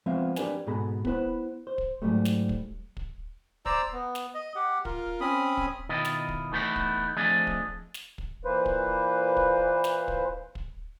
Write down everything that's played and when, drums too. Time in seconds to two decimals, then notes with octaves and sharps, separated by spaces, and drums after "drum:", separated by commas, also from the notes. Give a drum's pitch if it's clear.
0.06 F3 G#3 B3 C4 E5 F5
0.36 D4 G4 A#4 B4 D5 G#5, drum: snare
0.67 G#2 B2 G#4 A4 A#5 B5
1.05 B3 E4 B4 C5, drum: kick
1.67 C5
1.78 drum: kick
2.02 G#2 C#3 F#3 G3 A3
2.25 drum: snare
2.49 drum: kick
2.97 drum: kick
3.66 C5 D5 A#5 E6, drum: kick
3.92 B3
4.15 drum: snare
4.34 D#5
4.56 G4 F#5
4.85 F4 A#4, drum: kick
5.20 C4 C#4 B5 D#6
5.57 drum: kick
5.89 B2 D#3 E4 F4 D#5
6.05 drum: snare
6.28 drum: kick
6.52 E3 A3 B3 D#4 E4
6.76 drum: kick
7.17 F3 A3 C4 D4 G#4 D#5
7.47 drum: kick
7.94 drum: snare
8.18 drum: kick
8.45 A#2 E3 A#3 B4 C5
8.66 drum: kick
9.37 drum: kick
9.84 drum: snare
10.08 drum: kick
10.55 drum: kick